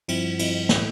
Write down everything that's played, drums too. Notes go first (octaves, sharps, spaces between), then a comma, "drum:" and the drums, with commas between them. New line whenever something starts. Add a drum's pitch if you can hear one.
G2 F3 C4 E4, drum: cymbal
G2 F3 C4 E4, drum: cymbal
A2 E3 A3, drum: snare